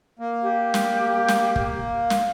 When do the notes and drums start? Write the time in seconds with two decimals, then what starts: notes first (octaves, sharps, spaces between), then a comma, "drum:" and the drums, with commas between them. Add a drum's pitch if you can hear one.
0.19 A#3
0.42 G4
0.74 drum: snare
1.28 drum: snare
1.56 drum: kick
2.10 drum: snare